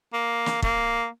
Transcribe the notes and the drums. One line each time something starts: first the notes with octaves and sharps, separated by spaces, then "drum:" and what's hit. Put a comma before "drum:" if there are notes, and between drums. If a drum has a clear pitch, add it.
A#3
drum: snare
A#3, drum: kick